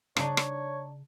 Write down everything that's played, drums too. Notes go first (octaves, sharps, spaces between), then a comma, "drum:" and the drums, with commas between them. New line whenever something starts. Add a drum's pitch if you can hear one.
C#3 D4 D#4 C#5, drum: rim click
drum: rim click